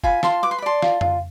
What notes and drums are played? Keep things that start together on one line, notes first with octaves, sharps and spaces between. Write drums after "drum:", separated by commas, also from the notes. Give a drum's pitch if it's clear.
F4 G#5 B5, drum: kick F#1
F4 A5 C6, drum: snare
B4 D6
C6
B5
D5 A5 C6
F4, drum: snare
F4, drum: tom F2